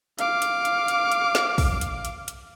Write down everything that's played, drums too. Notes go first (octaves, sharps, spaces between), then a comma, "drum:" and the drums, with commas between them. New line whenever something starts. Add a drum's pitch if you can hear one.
F5 D6, drum: hi-hat
drum: hi-hat
drum: hi-hat
drum: hi-hat
drum: hi-hat
drum: snare
drum: kick, open hi-hat
drum: hi-hat
drum: hi-hat
drum: hi-hat